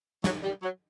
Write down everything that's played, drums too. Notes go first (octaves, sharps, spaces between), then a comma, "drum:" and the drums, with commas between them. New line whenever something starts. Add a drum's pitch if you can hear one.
F#3, drum: snare
G3
F#3